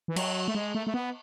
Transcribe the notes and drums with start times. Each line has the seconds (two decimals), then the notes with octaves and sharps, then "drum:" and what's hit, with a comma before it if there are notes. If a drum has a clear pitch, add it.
0.08 E3
0.16 F#3, drum: cymbal
0.48 A3
0.55 G#3
0.75 A3
0.87 A3
0.94 B3